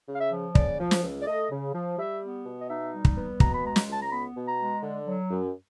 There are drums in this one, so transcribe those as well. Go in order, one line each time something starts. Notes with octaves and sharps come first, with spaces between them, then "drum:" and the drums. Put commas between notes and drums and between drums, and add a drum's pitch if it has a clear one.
C#3
F5
E5
F3
C#3 D5, drum: kick
F3
drum: snare
C#2
D5
A3 D#5
C#3
F3
G3 E5
B3
B2
D#5
D#4 E5
G3
drum: kick
B3
B2 A#5, drum: kick
B5
G#3 A#5
drum: snare
C#2 A5
A#5
B3 B5
B2
A#5
G#3
D3
F#3
F#2